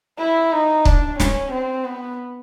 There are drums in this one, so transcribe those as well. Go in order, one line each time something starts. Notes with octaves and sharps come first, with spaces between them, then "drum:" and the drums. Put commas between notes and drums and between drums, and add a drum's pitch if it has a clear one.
E4
D#4
D4, drum: kick
C#4, drum: snare
C4
B3